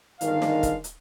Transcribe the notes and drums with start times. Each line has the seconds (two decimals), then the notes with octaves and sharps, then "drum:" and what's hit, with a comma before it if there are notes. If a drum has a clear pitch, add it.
0.21 G1 D#3 G#3 D4 A#4 F5, drum: hi-hat
0.42 drum: snare
0.63 drum: kick, hi-hat
0.84 drum: hi-hat